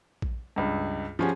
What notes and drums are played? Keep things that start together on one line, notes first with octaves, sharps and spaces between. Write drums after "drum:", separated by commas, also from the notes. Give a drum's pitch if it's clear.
drum: kick A#1
C#2 G2
F3 G3 C#4 F#4 G#4